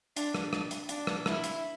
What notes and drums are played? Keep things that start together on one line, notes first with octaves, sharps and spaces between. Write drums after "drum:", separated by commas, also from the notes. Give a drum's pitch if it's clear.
D4, drum: hi-hat
drum: rim click
drum: rim click
drum: hi-hat
D4, drum: hi-hat
drum: rim click
E4, drum: rim click
drum: hi-hat